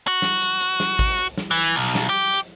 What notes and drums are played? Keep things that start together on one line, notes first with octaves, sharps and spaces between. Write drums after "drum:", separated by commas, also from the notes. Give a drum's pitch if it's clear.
F#4
drum: snare
drum: hi-hat
drum: hi-hat
drum: snare
drum: kick G#1, open hi-hat
drum: hi-hat
drum: snare
E3
B1, drum: hi-hat
drum: snare
G4
drum: hi-hat